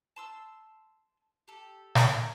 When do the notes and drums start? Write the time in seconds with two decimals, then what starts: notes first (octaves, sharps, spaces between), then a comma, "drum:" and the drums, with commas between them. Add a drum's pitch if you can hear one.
0.16 A5 C6 E6
1.48 G4 A4
1.95 drum: snare
2.10 A4 A#4 G#5